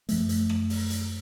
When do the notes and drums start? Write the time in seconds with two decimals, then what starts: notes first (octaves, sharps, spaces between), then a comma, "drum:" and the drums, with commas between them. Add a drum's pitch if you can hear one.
0.09 F#2 F3 A3, drum: hi-hat
0.29 drum: hi-hat
0.49 drum: rim click
0.70 drum: open hi-hat
0.90 drum: hi-hat